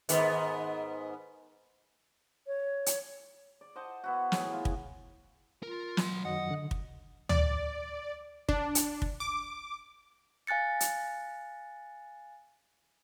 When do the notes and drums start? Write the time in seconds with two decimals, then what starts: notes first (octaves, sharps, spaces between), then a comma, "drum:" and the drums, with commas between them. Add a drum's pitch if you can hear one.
0.09 G#2 D#3 B3, drum: hi-hat
2.47 C#5
2.86 drum: hi-hat
3.61 D5
3.76 C5 D#5 F#5 A5
4.04 B3 E4 F#4
4.32 A2 G#4, drum: snare
4.53 F4
4.65 drum: kick
5.63 F4 A#4
5.97 F#3 C6, drum: snare
6.25 F#2 D#3 F#3 D#5 F#5
6.51 D3
6.71 drum: kick
7.29 D5, drum: tom
8.49 D4, drum: kick
8.75 drum: hi-hat
9.02 drum: kick
9.20 D6
10.47 F5 G#5 F#6 A6 C#7
10.80 drum: hi-hat